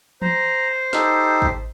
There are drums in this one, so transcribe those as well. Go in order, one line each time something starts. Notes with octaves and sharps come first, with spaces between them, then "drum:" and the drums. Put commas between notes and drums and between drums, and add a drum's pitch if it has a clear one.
C5 A#5, drum: tom E3
D#4 G4 A4, drum: snare
drum: kick